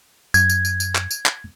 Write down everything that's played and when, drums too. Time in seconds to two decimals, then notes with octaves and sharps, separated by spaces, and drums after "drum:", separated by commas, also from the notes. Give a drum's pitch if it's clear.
0.34 F#2 G#6, drum: tambourine
0.50 drum: tambourine
0.65 drum: tambourine
0.80 drum: tambourine
0.95 drum: clap
1.11 drum: tambourine
1.26 drum: clap